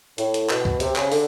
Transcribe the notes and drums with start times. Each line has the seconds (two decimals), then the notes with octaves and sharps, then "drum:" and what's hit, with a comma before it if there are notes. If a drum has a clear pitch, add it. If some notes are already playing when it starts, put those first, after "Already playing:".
0.18 A2, drum: hi-hat
0.34 drum: hi-hat
0.50 B2, drum: clap
0.65 drum: kick
0.80 C3, drum: hi-hat
0.96 C#3, drum: clap
1.12 D3, drum: open hi-hat